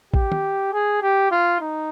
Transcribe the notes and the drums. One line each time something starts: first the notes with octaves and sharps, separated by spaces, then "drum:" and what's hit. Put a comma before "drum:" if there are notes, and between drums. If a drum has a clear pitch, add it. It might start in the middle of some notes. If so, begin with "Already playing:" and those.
G4, drum: kick A#1
drum: tom
G#4
G4
F4
D#4